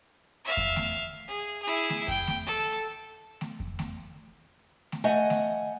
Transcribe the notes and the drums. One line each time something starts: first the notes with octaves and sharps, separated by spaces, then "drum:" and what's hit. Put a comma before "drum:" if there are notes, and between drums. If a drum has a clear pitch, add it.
E5 F5
drum: kick F2
drum: snare A3
G#4
E4 G#4
drum: snare A3
G5, drum: kick F2
drum: snare A3
A4
drum: snare A3
drum: kick F2
drum: snare A3
drum: snare A3
A3 D#5 F#5 G#5
drum: snare A3